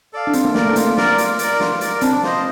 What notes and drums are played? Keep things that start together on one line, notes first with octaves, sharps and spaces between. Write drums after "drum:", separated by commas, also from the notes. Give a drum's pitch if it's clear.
A4 D5 F5
D4
C4 F4, drum: hi-hat
A#3
A3 A#4 D5, drum: snare
A3
A#3 F4, drum: hi-hat
A#4 D5, drum: snare
F4, drum: hi-hat
A#4 D5, drum: hi-hat
F4, drum: snare
A#4 D5, drum: hi-hat
C4 D4, drum: hi-hat
F4 C5 D#5, drum: snare